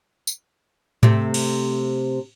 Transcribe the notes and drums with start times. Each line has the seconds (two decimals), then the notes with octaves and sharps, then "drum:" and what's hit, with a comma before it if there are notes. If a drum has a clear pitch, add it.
0.27 drum: tambourine
1.03 C3 A3, drum: tom G#2
1.34 drum: cymbal